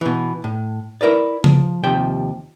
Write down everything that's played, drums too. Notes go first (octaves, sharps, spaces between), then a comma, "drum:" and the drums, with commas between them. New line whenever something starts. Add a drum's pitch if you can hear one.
B2 E3
A2
E4 A#4 B4 D5
F3, drum: tom C#3
D#2 C3 F3 E5 G5